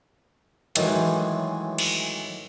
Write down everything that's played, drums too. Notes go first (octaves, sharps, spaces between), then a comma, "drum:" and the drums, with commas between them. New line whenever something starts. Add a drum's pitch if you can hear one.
A2 D#3 E3 F#3 G#3, drum: hi-hat
drum: cymbal